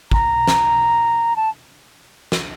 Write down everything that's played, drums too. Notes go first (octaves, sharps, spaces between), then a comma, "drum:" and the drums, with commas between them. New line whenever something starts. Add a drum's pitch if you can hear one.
A#5, drum: kick
drum: snare
A5
drum: snare